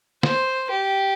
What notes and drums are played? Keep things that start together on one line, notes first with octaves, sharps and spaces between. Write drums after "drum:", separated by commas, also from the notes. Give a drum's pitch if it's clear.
C5, drum: snare
G4